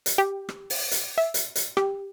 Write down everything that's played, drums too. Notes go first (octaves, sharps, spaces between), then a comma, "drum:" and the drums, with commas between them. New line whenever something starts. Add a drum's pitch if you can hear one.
drum: hi-hat
G4
drum: rim click
drum: open hi-hat
drum: hi-hat
E5
drum: hi-hat
drum: hi-hat
G4, drum: rim click